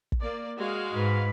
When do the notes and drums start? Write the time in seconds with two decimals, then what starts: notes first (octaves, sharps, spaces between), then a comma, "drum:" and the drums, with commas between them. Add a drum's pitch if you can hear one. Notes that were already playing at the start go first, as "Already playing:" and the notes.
0.12 drum: kick
0.21 A#3 D5
0.58 G#3 F#4 F5
0.93 G#2 B4